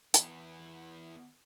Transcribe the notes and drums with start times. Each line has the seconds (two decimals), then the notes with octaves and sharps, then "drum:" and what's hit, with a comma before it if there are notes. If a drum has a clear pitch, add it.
0.14 E2 B3, drum: hi-hat